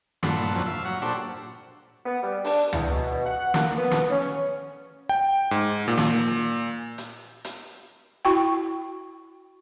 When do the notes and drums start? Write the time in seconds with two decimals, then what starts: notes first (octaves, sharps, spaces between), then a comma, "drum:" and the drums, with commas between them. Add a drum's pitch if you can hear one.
0.23 G2 A#2 F4 A4 F#5 B5, drum: snare
0.55 F2 A#2 D3 F3 F#3
0.66 E5 F5
0.85 F#3 F#5
1.02 A#2 D4 F#4 G4 A4 C5
2.06 B3
2.22 G3
2.45 D4, drum: open hi-hat
2.73 E2, drum: tom
2.90 B2
3.26 F#5
3.54 A#3, drum: snare
3.77 B3
3.91 drum: snare
4.10 C#4
5.09 G5
5.51 G#2
5.88 A#2
5.97 drum: snare
6.98 drum: hi-hat
7.44 drum: hi-hat
8.25 E4 F#4 G5